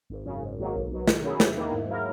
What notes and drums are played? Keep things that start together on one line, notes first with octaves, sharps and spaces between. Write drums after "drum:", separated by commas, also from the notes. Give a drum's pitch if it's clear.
G#1
F#2 C#3
G#1
G#2 D#3 F#3 A#3
B1
B2 F#3
D#3, drum: snare
F#3 C#4 E4 G#4
E2, drum: snare
D#3 A#3 E4
G#2
F#3 A#3 E4 A#4